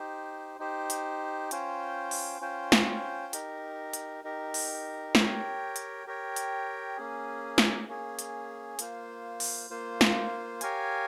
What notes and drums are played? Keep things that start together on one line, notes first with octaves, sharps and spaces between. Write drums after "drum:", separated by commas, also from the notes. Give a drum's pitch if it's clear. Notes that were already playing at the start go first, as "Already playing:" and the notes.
Already playing: D#4 G4 C5
D#4 G4 C5
drum: hi-hat
C#4 F4 C5 G5, drum: hi-hat
drum: open hi-hat
C#4 F4 C5 G5
drum: snare
D#4 G4 A#4, drum: hi-hat
drum: hi-hat
D#4 G4 A#4
drum: open hi-hat
G4 A#4 C#5 G5, drum: snare
drum: hi-hat
G4 A#4 C#5 G5
drum: hi-hat
A#3 C#4 G#4
drum: snare
A#3 C#4 G#4
drum: hi-hat
A#3 F4 C5, drum: hi-hat
drum: open hi-hat
A#3 F4 C5
drum: snare
G4 A#4 C#5 F5 G#5, drum: hi-hat